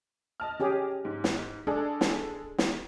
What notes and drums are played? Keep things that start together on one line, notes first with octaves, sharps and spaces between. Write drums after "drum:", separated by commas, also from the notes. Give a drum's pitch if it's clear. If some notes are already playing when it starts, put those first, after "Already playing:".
D#5 A5 F6
C#4 G4 G#4
G#2
drum: snare
G#3 D4 G#4 A4
drum: snare
drum: snare